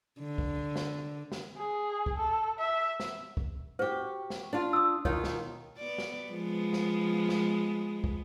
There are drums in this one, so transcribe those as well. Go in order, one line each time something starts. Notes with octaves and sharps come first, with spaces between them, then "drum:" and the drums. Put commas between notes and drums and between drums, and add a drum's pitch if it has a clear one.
D3
drum: kick
drum: snare
drum: snare
G#4
drum: kick
A4
E5
drum: snare
drum: kick
F#4 G4 C5
drum: snare
D4 F4
D#6 E6
B2 D#3 F4 C#5, drum: kick
drum: snare
B3 D5
drum: snare
F3 G#3 B3
drum: snare
drum: snare
drum: kick